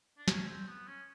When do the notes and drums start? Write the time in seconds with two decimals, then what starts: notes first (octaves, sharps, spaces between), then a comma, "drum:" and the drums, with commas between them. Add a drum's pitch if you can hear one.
0.18 D4
0.28 C#4, drum: snare
0.47 C4
0.67 B3
0.87 C#4